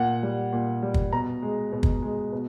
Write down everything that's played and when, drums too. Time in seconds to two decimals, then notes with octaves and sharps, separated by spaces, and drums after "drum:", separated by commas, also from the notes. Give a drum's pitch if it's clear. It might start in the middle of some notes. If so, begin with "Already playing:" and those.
Already playing: A#2 F#5
0.23 G3
0.52 A#2
0.82 G3
0.94 drum: kick
1.13 B2 A#5
1.42 G#3
1.72 B2
1.83 drum: kick
2.02 G#3
2.32 B2